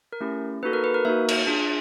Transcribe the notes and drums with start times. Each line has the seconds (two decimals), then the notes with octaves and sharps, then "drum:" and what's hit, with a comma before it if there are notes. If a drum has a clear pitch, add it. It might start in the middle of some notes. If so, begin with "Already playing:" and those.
0.13 A#4
0.21 A3 C#4 E4 G4
0.63 A#3 D#4 F#4 A4 B4
0.73 A#4
0.84 B4
0.94 A#4
1.05 A#3 D#4 F#4 E5
1.28 drum: cymbal
1.47 D4 F4 G#4